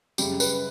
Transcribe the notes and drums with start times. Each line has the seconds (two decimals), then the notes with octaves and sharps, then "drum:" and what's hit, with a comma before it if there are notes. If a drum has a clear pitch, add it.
0.18 F#2 C#3 G3 G4, drum: tambourine
0.40 B4, drum: tambourine